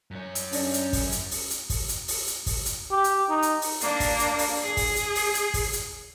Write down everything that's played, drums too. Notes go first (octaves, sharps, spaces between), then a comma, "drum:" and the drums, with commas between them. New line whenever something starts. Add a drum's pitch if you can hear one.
F#2 C#5
drum: hi-hat
C#4 D4 D5, drum: open hi-hat
drum: hi-hat
drum: kick, open hi-hat
drum: hi-hat
drum: open hi-hat
drum: hi-hat
drum: kick, open hi-hat
drum: hi-hat
drum: open hi-hat
drum: hi-hat
drum: kick, open hi-hat
drum: hi-hat
G4
drum: hi-hat
D#4
drum: hi-hat
drum: open hi-hat
A#3 D4, drum: hi-hat
drum: kick, open hi-hat
drum: hi-hat
drum: open hi-hat
G#4
drum: kick, open hi-hat
drum: hi-hat
drum: open hi-hat
drum: hi-hat
drum: kick, open hi-hat
drum: hi-hat